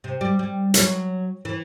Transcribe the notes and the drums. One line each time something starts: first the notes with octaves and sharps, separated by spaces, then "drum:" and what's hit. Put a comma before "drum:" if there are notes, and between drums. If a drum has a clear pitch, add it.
C3
G3
G3
F#3, drum: hi-hat
E3